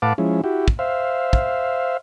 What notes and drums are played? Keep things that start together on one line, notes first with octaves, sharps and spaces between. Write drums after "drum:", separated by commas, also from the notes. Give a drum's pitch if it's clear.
A2 B4 F5 F#5 A5 D6
F3 G#3 C#4 E4
E4 F#4 G4
drum: kick
C5 E5 F5
drum: kick